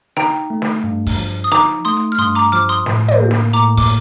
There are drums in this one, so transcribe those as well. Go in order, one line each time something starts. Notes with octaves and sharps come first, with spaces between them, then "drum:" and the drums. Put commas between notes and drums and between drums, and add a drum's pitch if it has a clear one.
D#4 G5 A#5, drum: snare
A3
drum: snare
G2
drum: kick, open hi-hat
F3
D#6
D#4 A#5 D6, drum: snare
A3 C6 D#6
drum: hi-hat
F6
G2 C6 D#6
A#5 D6
F3 D6 F6
C6 D#6
A2, drum: snare
drum: tom
A#3
drum: snare
A2 A#5 D6
D6, drum: kick, open hi-hat